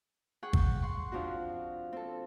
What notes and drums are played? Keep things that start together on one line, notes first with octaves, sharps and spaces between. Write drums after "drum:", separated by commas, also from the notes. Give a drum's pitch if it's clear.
G#4 F#5 G5 C#6 G6
drum: kick
F#5 C6 C#6
F3 C4 D4 F#4
C4 A4